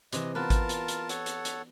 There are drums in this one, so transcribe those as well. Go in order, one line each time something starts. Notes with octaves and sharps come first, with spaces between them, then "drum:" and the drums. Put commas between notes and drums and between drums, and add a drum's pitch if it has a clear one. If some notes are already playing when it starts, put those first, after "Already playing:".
C3 E3 D#5, drum: hi-hat
B3 F4 A#4 B4 A5
drum: kick G#1, hi-hat
drum: hi-hat
drum: hi-hat
A4 C#5 F#5, drum: hi-hat
drum: hi-hat
drum: hi-hat